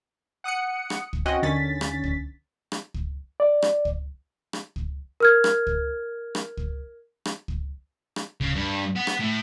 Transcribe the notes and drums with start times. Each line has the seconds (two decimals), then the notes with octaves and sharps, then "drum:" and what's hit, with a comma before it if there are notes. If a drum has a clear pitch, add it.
0.44 F#5 D#6 F#6 C#7
0.90 drum: rim click
1.13 drum: kick
1.26 C4 C#4 F#4 D#5 F#5 G5
1.42 D#2 D3 C#4 A6 B6
1.81 drum: rim click
2.04 drum: kick
2.72 drum: rim click
2.94 drum: kick
3.40 D5
3.62 drum: rim click
3.85 drum: kick
4.53 drum: rim click
4.76 drum: kick
5.20 A#4 F6 G#6
5.44 drum: rim click
5.67 drum: kick
6.35 drum: rim click
6.57 drum: kick
7.25 drum: rim click
7.48 drum: kick
8.16 drum: rim click
8.41 C#3, drum: kick
8.55 G2
8.96 B3
9.07 drum: rim click
9.19 A2